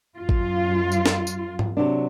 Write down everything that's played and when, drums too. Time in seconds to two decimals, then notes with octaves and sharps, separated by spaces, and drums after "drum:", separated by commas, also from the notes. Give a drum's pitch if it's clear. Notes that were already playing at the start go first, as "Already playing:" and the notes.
0.17 F#2 F4
0.29 drum: kick
0.92 drum: tambourine
1.06 drum: snare
1.27 drum: tambourine
1.59 drum: tom G#2
1.77 C3 F#3 D4